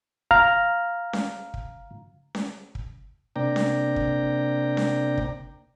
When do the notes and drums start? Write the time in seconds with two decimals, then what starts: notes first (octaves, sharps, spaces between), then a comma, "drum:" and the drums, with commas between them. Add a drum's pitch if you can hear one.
0.31 F5 A#5 F6, drum: kick
1.13 drum: snare C#4
1.54 drum: kick
2.35 drum: snare C#4
2.75 drum: kick
3.36 C3 A#3 D4 D5 G5 A#5
3.56 drum: snare C#4
3.96 drum: kick
4.77 drum: snare C#4
5.18 drum: kick